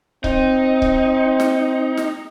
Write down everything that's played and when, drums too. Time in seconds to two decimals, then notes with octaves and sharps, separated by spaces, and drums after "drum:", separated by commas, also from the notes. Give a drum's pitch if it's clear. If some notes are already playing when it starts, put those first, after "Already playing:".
0.24 C4 D#4, drum: kick C#1
0.82 drum: kick C#1
1.40 drum: snare
1.97 drum: snare